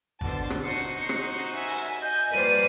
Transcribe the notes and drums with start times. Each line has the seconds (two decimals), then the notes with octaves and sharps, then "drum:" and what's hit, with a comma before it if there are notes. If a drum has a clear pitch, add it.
0.21 B2 D3 C5 A5, drum: kick G#1, hi-hat
0.50 drum: rim click
0.64 D#4 F#4 C5 C7 C#7
0.80 drum: hi-hat
1.09 drum: rim click
1.39 drum: hi-hat
1.54 E5 G#5
1.68 drum: open hi-hat
2.02 D#5 G#5 G6
2.32 F3 G3 A#3 B4 C5 D5 D#7